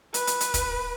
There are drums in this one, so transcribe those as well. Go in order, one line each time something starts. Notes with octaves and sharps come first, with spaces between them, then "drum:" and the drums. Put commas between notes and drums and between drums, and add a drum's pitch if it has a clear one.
B4, drum: hi-hat
drum: hi-hat
drum: hi-hat
drum: kick, hi-hat